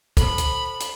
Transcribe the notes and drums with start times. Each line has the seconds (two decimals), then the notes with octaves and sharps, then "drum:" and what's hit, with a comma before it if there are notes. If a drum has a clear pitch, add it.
0.17 A4 C5 B5, drum: kick, hi-hat
0.38 drum: hi-hat
0.80 drum: hi-hat